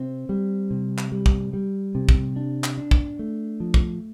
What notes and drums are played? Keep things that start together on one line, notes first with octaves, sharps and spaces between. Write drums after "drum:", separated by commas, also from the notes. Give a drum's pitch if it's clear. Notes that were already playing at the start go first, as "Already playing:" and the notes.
Already playing: C3 C4
G3
C3
drum: clap
G3
drum: kick
G3
C3
drum: kick
D4
drum: clap
D4
drum: kick
A3
F3
drum: kick